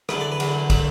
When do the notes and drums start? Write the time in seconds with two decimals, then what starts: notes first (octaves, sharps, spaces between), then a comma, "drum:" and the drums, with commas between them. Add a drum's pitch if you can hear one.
0.09 E2 D3 F#3 B4, drum: rim click
0.20 D5
0.32 B4
0.40 E2 D3 F#3, drum: cymbal
0.70 D3 F#3 E5, drum: kick, cymbal